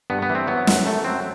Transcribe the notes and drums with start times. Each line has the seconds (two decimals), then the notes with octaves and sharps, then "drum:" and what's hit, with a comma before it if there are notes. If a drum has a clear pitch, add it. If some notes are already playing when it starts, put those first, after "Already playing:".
0.10 G2 B3
0.22 B3
0.29 E3
0.35 C4
0.47 F#3 B3
0.67 F#2, drum: snare
0.86 F#2 A3
1.04 F#3 C4